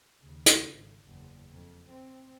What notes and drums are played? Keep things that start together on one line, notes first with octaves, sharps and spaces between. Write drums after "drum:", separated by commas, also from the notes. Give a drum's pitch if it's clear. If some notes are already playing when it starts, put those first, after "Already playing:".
D#2 C#3
drum: hi-hat
G#1
F#1 E2
F2
C4